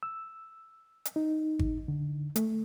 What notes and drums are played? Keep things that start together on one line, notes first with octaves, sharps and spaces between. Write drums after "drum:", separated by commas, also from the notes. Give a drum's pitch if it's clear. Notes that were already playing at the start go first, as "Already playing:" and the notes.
E6
drum: hi-hat
D#4
drum: kick G#1
D3
A3, drum: hi-hat